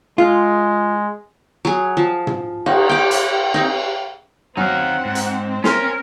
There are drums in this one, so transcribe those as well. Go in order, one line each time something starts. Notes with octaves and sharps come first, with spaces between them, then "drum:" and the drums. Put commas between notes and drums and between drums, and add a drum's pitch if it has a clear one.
G#3 F4
F#3 G#4
F3
drum: tom
D#4, drum: cymbal
G5 D6
drum: hi-hat
C4 D#4
F#2 C4 D#4 F5 F#5
G#2
drum: hi-hat
C#4 A#4 C6, drum: snare